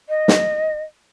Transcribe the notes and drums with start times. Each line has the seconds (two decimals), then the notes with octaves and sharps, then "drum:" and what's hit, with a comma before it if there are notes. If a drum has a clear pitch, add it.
0.09 D#5
0.28 drum: snare